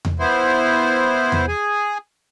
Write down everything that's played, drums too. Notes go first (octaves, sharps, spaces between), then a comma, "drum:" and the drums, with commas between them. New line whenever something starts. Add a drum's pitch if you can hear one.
drum: tom E2
B3 E4 C5
drum: tom E2
G#4 G#5